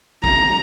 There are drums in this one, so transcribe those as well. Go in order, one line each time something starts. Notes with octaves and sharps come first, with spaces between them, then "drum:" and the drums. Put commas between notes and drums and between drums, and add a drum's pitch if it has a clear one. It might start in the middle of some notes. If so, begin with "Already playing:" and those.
A#5, drum: kick